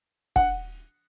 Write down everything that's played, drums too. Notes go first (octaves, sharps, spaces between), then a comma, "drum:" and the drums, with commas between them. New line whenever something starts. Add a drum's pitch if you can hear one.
F#5, drum: kick F1